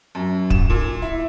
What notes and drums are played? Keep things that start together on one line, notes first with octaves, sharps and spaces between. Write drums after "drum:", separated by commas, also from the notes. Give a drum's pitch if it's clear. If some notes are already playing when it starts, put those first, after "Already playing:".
F#2
E7, drum: kick
A#2
E4